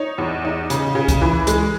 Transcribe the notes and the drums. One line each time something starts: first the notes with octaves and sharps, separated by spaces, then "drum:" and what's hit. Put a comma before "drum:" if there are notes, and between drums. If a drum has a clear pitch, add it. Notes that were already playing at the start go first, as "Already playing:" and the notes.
Already playing: D#4 C#5
E2
D#4
C#3, drum: hi-hat
C#3
drum: kick C#2, hi-hat
E3
G#3, drum: hi-hat